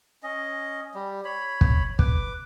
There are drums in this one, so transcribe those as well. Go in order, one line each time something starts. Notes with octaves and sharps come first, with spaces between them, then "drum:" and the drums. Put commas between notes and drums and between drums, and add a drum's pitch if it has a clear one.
C#4 D#5
G3
C#5 B5
drum: kick
B4 D6, drum: kick